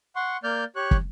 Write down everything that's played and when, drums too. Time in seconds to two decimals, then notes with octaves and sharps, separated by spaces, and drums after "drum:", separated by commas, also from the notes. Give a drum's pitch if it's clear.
0.16 F#5 C6 C#6
0.44 A#3 D5 F6 G6
0.76 G4 C#5 C#6 F#6
0.91 drum: kick